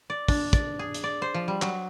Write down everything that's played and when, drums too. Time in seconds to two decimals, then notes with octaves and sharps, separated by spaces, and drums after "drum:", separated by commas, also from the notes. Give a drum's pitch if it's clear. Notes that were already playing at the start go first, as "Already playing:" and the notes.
0.10 D5
0.28 D4, drum: kick, open hi-hat
0.53 D5, drum: kick, hi-hat
0.79 G#4
0.94 drum: hi-hat
1.04 D5
1.22 C5
1.34 F3
1.48 G3
1.62 F#3, drum: clap